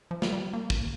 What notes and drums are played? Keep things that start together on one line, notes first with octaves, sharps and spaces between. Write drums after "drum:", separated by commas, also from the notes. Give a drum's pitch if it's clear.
F3
G3, drum: snare
G3
A#3
drum: kick